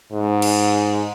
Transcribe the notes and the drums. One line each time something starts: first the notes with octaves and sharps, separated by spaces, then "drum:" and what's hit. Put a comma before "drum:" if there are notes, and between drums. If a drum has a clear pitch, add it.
G#2
drum: cymbal